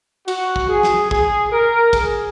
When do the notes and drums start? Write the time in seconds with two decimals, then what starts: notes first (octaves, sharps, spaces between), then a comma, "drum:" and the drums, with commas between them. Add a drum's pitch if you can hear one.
0.28 F#4, drum: cymbal
0.56 drum: kick
0.69 G#4
0.83 drum: snare
1.11 G#4, drum: kick
1.52 A#4
1.93 G#4, drum: kick, cymbal